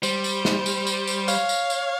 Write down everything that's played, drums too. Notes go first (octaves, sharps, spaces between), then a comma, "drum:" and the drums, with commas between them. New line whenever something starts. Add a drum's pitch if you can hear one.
G3 C5, drum: tambourine
drum: tambourine
drum: snare
drum: tambourine
drum: tambourine
drum: tambourine
C#5 F5, drum: tambourine
drum: tambourine
drum: tambourine